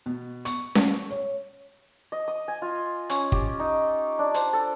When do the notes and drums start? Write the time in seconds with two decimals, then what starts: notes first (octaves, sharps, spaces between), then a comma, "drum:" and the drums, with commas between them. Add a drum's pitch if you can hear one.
0.06 B2
0.45 C#6, drum: hi-hat
0.75 drum: snare C#4
1.11 C#5
2.12 D#5
2.28 D#6
2.48 G#5
2.62 F4
3.10 C#4, drum: hi-hat
3.32 G4, drum: kick
3.60 D#4
4.19 D4
4.34 C5, drum: hi-hat
4.53 A4